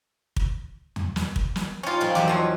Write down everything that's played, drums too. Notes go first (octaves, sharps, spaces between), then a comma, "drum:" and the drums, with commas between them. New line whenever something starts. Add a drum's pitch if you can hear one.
drum: kick
drum: tom E2
drum: snare
drum: kick
drum: snare
C#4 D#4 F4 G4
A#2 F3 G3
E2 F#3 G4 B4
D#3 F3 C#4